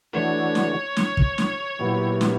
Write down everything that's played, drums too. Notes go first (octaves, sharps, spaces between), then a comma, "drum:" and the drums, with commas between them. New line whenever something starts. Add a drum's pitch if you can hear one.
E3 A3 D4 F#4 C#5
drum: snare
drum: snare
drum: kick
drum: snare
A#2 F#3 B3 E4 G4
drum: snare